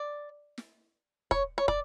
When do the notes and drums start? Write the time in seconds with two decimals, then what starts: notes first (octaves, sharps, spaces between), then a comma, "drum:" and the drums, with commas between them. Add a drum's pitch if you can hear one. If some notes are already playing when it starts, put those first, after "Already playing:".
Already playing: D5
0.58 drum: snare
1.31 C#5, drum: kick
1.58 C#5
1.68 D5, drum: kick